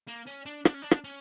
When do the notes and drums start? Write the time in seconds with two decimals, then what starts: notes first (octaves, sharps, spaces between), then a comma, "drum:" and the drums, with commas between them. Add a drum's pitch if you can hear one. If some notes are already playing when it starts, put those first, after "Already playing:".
0.08 A#3
0.27 C#4
0.46 D4
0.65 D4, drum: rim click
0.74 C#4
0.82 D4
0.91 drum: rim click
1.04 C#4